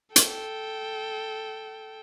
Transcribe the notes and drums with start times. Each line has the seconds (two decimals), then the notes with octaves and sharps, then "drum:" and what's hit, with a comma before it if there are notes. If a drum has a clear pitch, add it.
0.16 A4 G5, drum: hi-hat